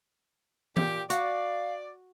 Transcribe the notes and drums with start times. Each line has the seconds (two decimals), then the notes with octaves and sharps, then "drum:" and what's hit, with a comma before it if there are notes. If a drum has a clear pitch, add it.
0.77 A#2 G4 G5, drum: tom E3
1.10 F#4 D5 F5, drum: hi-hat